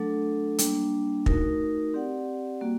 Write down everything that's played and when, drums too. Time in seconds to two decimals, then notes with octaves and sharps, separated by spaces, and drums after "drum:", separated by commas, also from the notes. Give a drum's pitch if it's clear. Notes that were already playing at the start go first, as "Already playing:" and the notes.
Already playing: F#3 A3 D4 A4
0.59 G3 A#3 D4, drum: hi-hat
1.26 A3 D#4 F#4 A#4, drum: kick
1.94 C4 G4 D5 F#5
2.61 G3 A#3 F#4